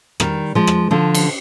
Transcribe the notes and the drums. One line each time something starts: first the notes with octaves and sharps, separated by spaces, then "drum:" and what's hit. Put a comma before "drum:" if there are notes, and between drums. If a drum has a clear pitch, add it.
D#3 G3, drum: rim click
F3 G#3
drum: rim click
D3 F3
drum: cymbal